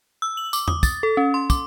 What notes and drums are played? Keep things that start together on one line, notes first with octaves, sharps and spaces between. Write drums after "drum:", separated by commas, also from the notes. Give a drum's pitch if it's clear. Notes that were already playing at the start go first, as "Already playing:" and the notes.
E6
F#7
D6, drum: tambourine
D#6, drum: tom E2
A6, drum: kick, tambourine
A4
C#4
C6
D6, drum: kick, tambourine